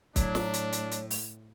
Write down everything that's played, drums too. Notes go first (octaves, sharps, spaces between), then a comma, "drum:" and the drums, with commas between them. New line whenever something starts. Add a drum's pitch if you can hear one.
A2 F#3 D4 C#5, drum: kick, hi-hat
drum: snare
drum: hi-hat
drum: hi-hat
drum: hi-hat
drum: open hi-hat